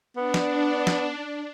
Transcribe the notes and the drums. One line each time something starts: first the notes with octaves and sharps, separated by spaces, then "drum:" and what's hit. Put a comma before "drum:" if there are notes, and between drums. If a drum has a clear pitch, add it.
B3 D4
drum: snare
drum: snare